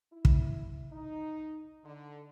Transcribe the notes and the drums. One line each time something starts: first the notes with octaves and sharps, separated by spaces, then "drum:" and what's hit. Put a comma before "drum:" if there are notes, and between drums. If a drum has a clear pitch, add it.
E4
drum: kick
D#4
D3